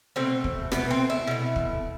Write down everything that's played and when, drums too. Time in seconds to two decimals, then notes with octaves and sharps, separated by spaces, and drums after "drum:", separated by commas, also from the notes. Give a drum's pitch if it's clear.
0.16 B2 A3 C4
0.44 drum: kick
0.72 B2 A3 B3, drum: rim click
0.91 C4
1.10 E4
1.27 B2 A3
1.56 drum: kick